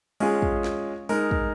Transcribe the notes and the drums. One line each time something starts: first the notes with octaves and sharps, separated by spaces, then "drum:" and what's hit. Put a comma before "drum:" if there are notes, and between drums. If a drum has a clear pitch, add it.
G#3 C#4 F4 G#4, drum: open hi-hat
drum: kick
drum: snare
G#3 D#4 A#4, drum: open hi-hat
drum: kick